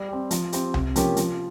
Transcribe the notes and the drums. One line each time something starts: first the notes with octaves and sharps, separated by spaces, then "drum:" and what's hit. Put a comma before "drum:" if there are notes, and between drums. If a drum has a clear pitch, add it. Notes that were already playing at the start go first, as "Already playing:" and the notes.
Already playing: G3
C4 G4
F3, drum: hi-hat
C4 G4, drum: hi-hat
C3, drum: tom C2
F3 A#3 C#4 G4, drum: hi-hat
F3, drum: hi-hat